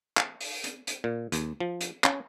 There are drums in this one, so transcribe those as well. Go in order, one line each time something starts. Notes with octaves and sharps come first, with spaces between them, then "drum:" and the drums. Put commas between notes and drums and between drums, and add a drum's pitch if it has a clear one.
drum: clap
drum: open hi-hat
drum: hi-hat
drum: hi-hat
A#2
D#2, drum: hi-hat
F3
drum: hi-hat
C#4, drum: clap